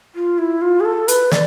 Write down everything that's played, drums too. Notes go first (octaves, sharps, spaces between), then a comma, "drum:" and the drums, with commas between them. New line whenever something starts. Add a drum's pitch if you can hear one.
F4
E4
F4
G#4
A4
B4, drum: hi-hat
D5, drum: snare